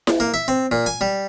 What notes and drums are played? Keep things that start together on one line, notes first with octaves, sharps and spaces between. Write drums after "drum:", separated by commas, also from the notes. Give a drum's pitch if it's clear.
drum: snare E4
A#3
E5
C4
A#2
G#5
G3